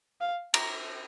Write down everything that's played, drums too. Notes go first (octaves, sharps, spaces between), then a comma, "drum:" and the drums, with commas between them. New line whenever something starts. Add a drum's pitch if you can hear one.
F5
A#5, drum: cymbal